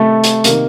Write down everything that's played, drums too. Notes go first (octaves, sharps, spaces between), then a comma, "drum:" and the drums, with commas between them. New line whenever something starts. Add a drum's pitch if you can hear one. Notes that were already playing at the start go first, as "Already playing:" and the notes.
Already playing: C3 D#3 A3
drum: hi-hat
C3 D#3 A#3, drum: hi-hat